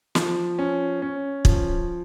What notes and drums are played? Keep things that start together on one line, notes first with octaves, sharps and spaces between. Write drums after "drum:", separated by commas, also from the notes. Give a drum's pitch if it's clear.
F3, drum: snare
C#4
C#4
F3, drum: kick